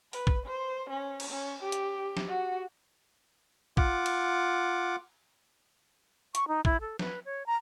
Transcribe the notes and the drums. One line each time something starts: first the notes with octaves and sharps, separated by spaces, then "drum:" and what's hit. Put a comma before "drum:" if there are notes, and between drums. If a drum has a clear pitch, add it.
B4, drum: open hi-hat
drum: kick
C5
C#4
drum: cymbal
C#4
G4
drum: hi-hat
drum: snare
F#4
F4 F#5 D6, drum: kick
drum: cymbal
C#6, drum: hi-hat
D#4
E4, drum: kick
A4
B4, drum: snare
C#5
A#5